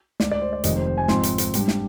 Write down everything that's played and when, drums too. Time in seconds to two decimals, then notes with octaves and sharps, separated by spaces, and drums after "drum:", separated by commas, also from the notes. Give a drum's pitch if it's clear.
0.20 D2 D3 G#3 D5, drum: snare
0.31 D5
0.41 C5
0.53 D5
0.64 F1 F2 D#3 G#3 C4 D#5, drum: hi-hat
0.76 C5
0.87 C5
0.98 G#5
1.08 G#1 G#2 F3 C4 D#4 C6, drum: snare
1.23 drum: hi-hat
1.38 drum: hi-hat
1.54 G#2 G3 D4, drum: hi-hat
1.68 drum: snare